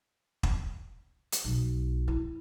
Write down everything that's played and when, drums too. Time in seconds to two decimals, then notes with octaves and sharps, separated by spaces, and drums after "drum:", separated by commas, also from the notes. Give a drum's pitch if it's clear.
0.43 drum: kick
1.32 drum: hi-hat
1.44 B1
2.08 E4